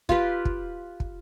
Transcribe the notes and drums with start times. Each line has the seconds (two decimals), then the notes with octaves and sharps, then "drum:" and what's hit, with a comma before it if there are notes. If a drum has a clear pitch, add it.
0.09 F4 G4 B4, drum: kick
0.45 drum: kick
1.00 drum: kick